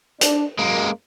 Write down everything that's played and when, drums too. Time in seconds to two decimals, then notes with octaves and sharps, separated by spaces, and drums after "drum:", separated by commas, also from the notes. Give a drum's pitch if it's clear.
0.21 D4, drum: hi-hat
0.59 F#2 G#3 A#3